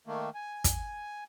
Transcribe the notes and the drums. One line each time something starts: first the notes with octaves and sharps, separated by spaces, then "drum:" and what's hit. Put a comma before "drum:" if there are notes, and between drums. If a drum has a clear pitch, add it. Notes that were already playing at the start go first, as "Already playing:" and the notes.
D#3 A3 A#3
G#5
drum: kick, hi-hat